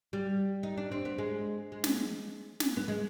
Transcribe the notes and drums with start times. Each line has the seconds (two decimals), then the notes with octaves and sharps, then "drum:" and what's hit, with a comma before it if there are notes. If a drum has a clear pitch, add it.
0.13 G3
0.63 D#4
0.77 D4
0.92 C4
1.05 B3
1.18 G#3
1.72 G#3
1.84 drum: snare
2.60 drum: snare
2.77 B3
2.88 G#3